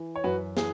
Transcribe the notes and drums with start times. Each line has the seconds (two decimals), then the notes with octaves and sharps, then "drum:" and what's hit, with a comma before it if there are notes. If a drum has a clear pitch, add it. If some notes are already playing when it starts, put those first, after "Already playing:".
Already playing: E3
0.16 C#5
0.24 F#2 F#4 B4
0.57 E3 G#4, drum: snare